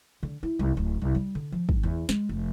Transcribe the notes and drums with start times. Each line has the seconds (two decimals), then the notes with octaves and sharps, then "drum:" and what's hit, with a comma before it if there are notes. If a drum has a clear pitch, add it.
0.23 D3
0.43 E4
0.59 C2
0.77 D1
1.02 C2
1.15 G3
1.35 D3
1.52 F3
1.69 G#2, drum: kick
1.83 E2
2.09 G#3, drum: snare
2.29 F1